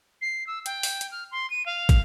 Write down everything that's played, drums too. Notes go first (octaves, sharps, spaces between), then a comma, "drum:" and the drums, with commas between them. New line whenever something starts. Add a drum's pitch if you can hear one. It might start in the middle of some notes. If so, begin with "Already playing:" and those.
C7
E6
G5, drum: hi-hat
drum: open hi-hat
drum: hi-hat
F6
C6
D#7
F5
drum: kick, hi-hat